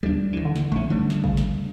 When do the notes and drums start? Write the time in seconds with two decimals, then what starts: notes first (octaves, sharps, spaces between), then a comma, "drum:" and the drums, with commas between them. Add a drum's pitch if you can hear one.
0.03 D#2 G3 D4
0.33 D#3 E3
0.45 D3
0.56 drum: snare
0.72 A#1 A3 C#4
0.90 D3 G3
1.10 drum: snare
1.24 C#3, drum: kick
1.37 drum: snare